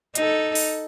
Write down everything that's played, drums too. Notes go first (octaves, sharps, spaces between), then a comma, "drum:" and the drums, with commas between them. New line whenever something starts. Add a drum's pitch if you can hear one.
D#4 A4, drum: hi-hat
drum: open hi-hat